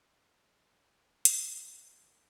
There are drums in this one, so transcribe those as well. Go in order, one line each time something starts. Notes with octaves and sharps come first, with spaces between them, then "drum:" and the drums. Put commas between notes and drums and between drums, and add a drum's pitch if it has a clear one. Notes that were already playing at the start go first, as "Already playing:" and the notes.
Already playing: E4
D4
A#3, drum: hi-hat
A3
G3
E3
F3